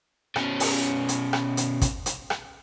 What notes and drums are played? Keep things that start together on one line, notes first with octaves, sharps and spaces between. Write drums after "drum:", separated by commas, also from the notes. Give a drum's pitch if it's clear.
B2 C#4, drum: rim click
drum: open hi-hat
drum: hi-hat
drum: rim click
drum: hi-hat
drum: kick, hi-hat
drum: hi-hat
drum: rim click